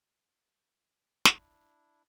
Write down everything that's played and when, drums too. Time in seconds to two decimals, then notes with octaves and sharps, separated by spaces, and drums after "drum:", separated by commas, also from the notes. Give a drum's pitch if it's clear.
1.25 D4 E4, drum: snare